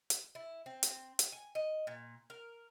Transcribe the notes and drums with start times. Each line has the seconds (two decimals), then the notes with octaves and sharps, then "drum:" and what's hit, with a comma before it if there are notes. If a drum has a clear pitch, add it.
0.10 drum: hi-hat
0.35 E4
0.66 C4
0.83 drum: hi-hat
1.19 drum: hi-hat
1.32 G#5
1.55 D#5
1.87 A#2
2.30 A#4